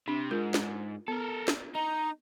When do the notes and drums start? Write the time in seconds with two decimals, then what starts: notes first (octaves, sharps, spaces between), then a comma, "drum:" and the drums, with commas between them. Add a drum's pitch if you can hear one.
0.08 C3 D4
0.31 G#2 F4 A#4
0.54 drum: snare
1.08 B3 A4 A#4
1.48 drum: snare
1.75 D#4 A#5